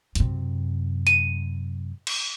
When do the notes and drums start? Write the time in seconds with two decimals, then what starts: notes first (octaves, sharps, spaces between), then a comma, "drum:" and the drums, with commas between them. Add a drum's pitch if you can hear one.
0.15 F#2 C3, drum: hi-hat
1.07 D#7, drum: hi-hat
2.07 drum: cymbal